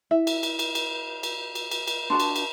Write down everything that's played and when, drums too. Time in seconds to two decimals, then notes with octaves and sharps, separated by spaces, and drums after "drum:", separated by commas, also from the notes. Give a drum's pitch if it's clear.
0.11 E4 E5
0.27 drum: cymbal
0.43 drum: cymbal
0.59 drum: cymbal
0.75 drum: cymbal
1.23 drum: cymbal
1.55 drum: cymbal
1.71 drum: cymbal
1.87 drum: cymbal
2.10 D4 F#4 A5 C6
2.20 drum: cymbal
2.36 drum: cymbal